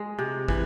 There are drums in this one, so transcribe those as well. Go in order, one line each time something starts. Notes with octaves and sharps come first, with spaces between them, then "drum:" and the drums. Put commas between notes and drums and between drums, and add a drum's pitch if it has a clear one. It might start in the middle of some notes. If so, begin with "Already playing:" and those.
Already playing: G#3
C3
E3, drum: kick